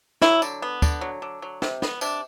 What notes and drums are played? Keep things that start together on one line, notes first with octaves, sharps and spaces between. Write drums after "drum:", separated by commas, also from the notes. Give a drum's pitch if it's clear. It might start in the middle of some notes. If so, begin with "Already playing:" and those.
F#3 E4, drum: snare
D3, drum: tambourine
B3
D3, drum: kick, tambourine
F#3
D3
F#3
C3, drum: snare
B3, drum: snare
C3 D4, drum: tambourine